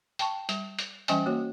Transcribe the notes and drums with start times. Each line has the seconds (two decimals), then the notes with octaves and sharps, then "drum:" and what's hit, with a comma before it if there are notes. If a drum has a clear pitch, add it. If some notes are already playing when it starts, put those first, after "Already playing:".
0.19 G5 A5 C#6, drum: hi-hat
0.49 G3, drum: hi-hat
0.79 drum: hi-hat
1.08 E3 G3 C#4 D#5 G5 G#5, drum: hi-hat
1.26 A#3 F#4 C#5